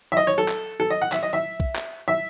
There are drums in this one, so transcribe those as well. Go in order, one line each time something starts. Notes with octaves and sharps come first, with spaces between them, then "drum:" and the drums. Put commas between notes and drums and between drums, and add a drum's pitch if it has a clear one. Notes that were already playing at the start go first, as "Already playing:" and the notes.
E5
D#5
C#5
A4
drum: clap
A4
D#5
F#5
E5, drum: clap
D#5
E5
drum: kick
drum: clap
E5